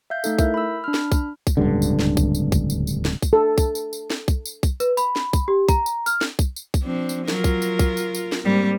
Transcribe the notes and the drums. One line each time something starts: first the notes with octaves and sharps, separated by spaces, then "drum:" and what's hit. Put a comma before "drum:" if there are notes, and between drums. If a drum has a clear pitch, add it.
E5 F5 G6
A3 D#4 A4, drum: tambourine
E4 A#4 E5 G6, drum: kick B1, tambourine
B5 E6
D4 B5 F6
drum: snare
drum: kick B1, tambourine
drum: kick B1, tambourine
D1 C#2 G2 D3
drum: tambourine
drum: snare
drum: kick B1, tambourine
drum: tambourine
drum: kick B1, tambourine
drum: tambourine
drum: tambourine
drum: snare
drum: kick B1, tambourine
A4
drum: kick B1, tambourine
drum: tambourine
drum: tambourine
drum: snare
drum: kick B1, tambourine
drum: tambourine
drum: kick B1, tambourine
B4, drum: tambourine
B5, drum: tambourine
drum: snare
drum: kick B1, tambourine
G4
A#5, drum: kick B1, tambourine
drum: tambourine
F6, drum: tambourine
drum: snare
drum: kick B1, tambourine
drum: tambourine
drum: kick B1, tambourine
F3 C4 D4
drum: tambourine
F#3 F4 A#4, drum: snare
drum: kick B1, tambourine
drum: tambourine
drum: kick B1, tambourine
drum: tambourine
drum: tambourine
drum: snare
G#2 G3 A#3 C4